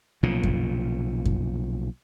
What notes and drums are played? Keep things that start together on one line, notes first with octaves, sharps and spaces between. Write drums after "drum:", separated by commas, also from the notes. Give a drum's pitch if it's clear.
B1 A#2 C#3 F3
drum: kick F#2
drum: kick F#2